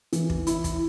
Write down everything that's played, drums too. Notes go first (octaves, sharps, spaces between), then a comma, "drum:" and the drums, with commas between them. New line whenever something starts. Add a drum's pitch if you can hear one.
E3, drum: hi-hat
drum: kick
E4, drum: hi-hat
drum: kick, hi-hat